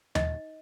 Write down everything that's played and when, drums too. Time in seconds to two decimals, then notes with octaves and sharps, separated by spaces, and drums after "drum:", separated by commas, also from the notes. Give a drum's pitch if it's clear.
0.15 D#4 D#5, drum: tom D#2